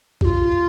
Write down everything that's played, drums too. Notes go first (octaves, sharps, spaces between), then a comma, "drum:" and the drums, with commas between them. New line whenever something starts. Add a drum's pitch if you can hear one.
G4, drum: kick A#1
F4